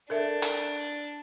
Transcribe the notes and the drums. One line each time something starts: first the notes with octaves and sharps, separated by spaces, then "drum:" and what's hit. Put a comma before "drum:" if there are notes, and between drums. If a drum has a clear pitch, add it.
D4 A4 A#4 E5
drum: hi-hat